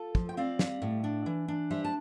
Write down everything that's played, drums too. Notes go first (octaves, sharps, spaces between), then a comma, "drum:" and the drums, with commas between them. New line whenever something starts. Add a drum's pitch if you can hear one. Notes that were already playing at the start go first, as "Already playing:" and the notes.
Already playing: F4 A4
F3, drum: kick
G5
C4 D5 F5
G3, drum: snare
A2
D4
E3
D4
G3 C5 E5
A5